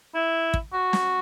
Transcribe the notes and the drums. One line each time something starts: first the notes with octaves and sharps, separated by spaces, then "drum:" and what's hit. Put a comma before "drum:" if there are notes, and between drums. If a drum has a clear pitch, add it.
E4
drum: kick
F#4
drum: snare